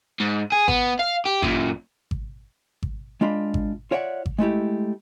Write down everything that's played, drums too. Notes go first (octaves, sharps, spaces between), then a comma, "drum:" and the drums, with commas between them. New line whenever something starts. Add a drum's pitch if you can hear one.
G#2
G#4
B3, drum: kick G#1
F5
G4
F#2 A#2, drum: kick G#1
drum: kick G#1
drum: kick G#1
G#3 D4 F4 B5
drum: kick G#1
F4 C#5 D5 E5 F#5
drum: kick G#1
G#3 A3 E4 G4